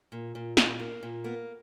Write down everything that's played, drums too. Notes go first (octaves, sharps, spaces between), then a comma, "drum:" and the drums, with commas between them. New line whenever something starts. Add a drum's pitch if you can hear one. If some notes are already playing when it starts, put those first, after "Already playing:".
A#2
A#2
A#2, drum: snare
A#3
A#2
A#3 B3